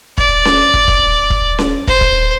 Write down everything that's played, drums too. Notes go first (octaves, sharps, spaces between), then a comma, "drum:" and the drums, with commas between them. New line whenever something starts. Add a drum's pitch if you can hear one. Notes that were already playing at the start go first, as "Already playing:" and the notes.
D5, drum: kick
drum: snare C#4
drum: kick
drum: kick
drum: kick
drum: snare C#4
C5, drum: kick
drum: kick